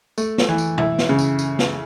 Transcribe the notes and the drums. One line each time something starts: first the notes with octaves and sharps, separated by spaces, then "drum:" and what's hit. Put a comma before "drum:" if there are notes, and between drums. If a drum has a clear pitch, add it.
A3, drum: tambourine
drum: snare
E3
drum: tambourine
E4, drum: tom B2
drum: snare
C#3
drum: tambourine
drum: tambourine
drum: snare